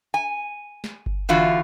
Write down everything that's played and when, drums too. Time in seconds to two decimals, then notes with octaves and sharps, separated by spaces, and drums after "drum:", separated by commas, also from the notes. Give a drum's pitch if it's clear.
0.14 G#5
0.84 drum: snare
1.06 drum: kick G1
1.29 D3 E3 F4 F#4